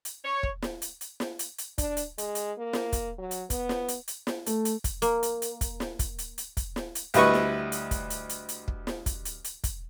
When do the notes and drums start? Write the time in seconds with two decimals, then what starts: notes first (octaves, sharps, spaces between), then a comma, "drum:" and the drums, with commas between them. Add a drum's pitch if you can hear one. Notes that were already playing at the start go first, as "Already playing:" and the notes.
0.05 drum: hi-hat
0.23 C#5
0.43 drum: kick
0.62 drum: snare
0.82 drum: hi-hat
1.01 drum: hi-hat
1.20 drum: snare
1.39 drum: hi-hat
1.58 drum: hi-hat
1.78 D4, drum: kick, hi-hat
1.97 drum: hi-hat
2.18 G#3, drum: hi-hat
2.35 drum: hi-hat
2.58 A#3
2.73 drum: snare
2.93 drum: kick, hi-hat
3.18 F#3
3.31 drum: hi-hat
3.50 B3, drum: kick, hi-hat
3.69 drum: snare
3.88 drum: hi-hat
4.08 drum: hi-hat
4.27 drum: snare
4.46 A3, drum: hi-hat
4.65 drum: hi-hat
4.84 drum: kick, hi-hat
5.02 A#3, drum: hi-hat
5.23 drum: hi-hat
5.42 drum: hi-hat
5.61 drum: kick, hi-hat
5.80 drum: snare
5.99 drum: kick, hi-hat
6.18 drum: hi-hat
6.38 drum: hi-hat
6.57 drum: kick, hi-hat
6.76 drum: snare
6.95 drum: hi-hat
7.14 D2 G3 E4 B4 D#5 C#6, drum: hi-hat
7.34 drum: snare
7.72 drum: hi-hat
7.91 drum: kick, hi-hat
8.10 drum: hi-hat
8.29 drum: hi-hat
8.49 drum: hi-hat
8.68 drum: kick
8.87 drum: snare
9.06 drum: kick, hi-hat
9.25 drum: hi-hat
9.44 drum: hi-hat
9.64 drum: kick, hi-hat